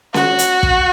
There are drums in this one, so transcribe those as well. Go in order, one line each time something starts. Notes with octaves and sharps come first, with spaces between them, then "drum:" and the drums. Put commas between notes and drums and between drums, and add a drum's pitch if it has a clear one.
F#4, drum: snare C#4
drum: hi-hat
drum: kick